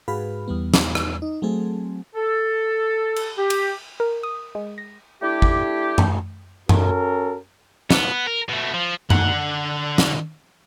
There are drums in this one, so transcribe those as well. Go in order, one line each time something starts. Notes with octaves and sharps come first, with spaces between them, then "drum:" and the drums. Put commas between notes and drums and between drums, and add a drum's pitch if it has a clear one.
G#2 F#4 G#4 B4 F5 B5
E2 G3 B3
drum: snare
drum: rim click
D#4
F#3 A3 C4 G#4 A4
A4
drum: cymbal
G4
drum: cymbal
A#4
D#6
G#3
A#6
A3 D4 E4 G4
drum: kick
drum: tom F#2
C#4 F#4 A4 A#4, drum: tom F#2
B3, drum: snare
A#4
B2 A3
F3
D3 F#5, drum: tom F#2
drum: snare